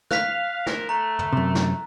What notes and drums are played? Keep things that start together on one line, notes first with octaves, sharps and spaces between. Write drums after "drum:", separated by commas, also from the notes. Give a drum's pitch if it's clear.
F5 F#6 B6, drum: snare
F3 A#4, drum: snare
A3 A#5
drum: tom
F#2 C3
drum: snare